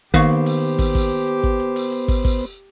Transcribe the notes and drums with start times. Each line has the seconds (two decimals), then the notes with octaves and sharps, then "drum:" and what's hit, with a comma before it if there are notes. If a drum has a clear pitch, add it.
0.14 D#3 A#3 B3 G4 C5 F5 C#6, drum: kick, hi-hat
0.46 drum: open hi-hat
0.79 drum: kick, open hi-hat
0.95 drum: kick, open hi-hat
1.11 drum: hi-hat
1.27 drum: hi-hat
1.43 drum: kick, hi-hat
1.60 drum: hi-hat
1.76 drum: open hi-hat
1.92 drum: hi-hat
2.08 drum: kick, open hi-hat
2.25 drum: kick, open hi-hat
2.41 drum: hi-hat